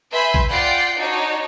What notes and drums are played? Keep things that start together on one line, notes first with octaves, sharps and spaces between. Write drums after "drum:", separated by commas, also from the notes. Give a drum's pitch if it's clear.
B4 E5 G#5 B5 C6 G6
drum: kick A1
F4 D5 F#5 G5 C7 D7
D4 D#4 F#4 C#5